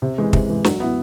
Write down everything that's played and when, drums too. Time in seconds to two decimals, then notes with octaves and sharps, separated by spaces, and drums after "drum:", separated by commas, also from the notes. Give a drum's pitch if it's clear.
0.02 C3
0.18 E3 G#3
0.33 C3, drum: kick
0.49 E3 G#3
0.64 F#3, drum: snare
0.80 B3 E4